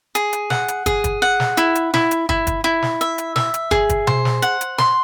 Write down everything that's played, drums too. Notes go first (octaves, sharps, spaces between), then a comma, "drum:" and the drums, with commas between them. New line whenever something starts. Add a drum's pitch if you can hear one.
G#4, drum: hi-hat
drum: hi-hat
F#5, drum: snare
drum: hi-hat
G#4, drum: kick, hi-hat
drum: kick, hi-hat
F#5
drum: snare
E4, drum: hi-hat
drum: hi-hat
E4, drum: snare
drum: hi-hat
E4, drum: kick
drum: kick, hi-hat
E4
drum: snare
E5, drum: hi-hat
drum: hi-hat
E5, drum: snare
drum: hi-hat
G#4, drum: kick
drum: kick, hi-hat
C5, drum: tom B2
drum: snare
F#5, drum: hi-hat
drum: hi-hat
C6, drum: snare